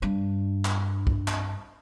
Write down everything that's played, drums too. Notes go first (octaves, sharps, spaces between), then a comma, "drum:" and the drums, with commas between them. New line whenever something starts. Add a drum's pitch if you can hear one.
G2 D4
drum: clap
drum: kick
drum: clap